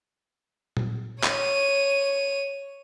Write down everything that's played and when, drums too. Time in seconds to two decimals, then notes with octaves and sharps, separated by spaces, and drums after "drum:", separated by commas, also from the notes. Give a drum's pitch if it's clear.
0.77 drum: tom A#2
1.24 C#5 D#7, drum: clap